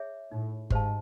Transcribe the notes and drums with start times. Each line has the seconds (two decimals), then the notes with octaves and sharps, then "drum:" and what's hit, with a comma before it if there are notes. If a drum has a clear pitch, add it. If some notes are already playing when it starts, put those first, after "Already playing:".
Already playing: G#4 C#5 E5
0.31 A2 D#4
0.70 G#2 G4 C5 F5 A5, drum: kick G1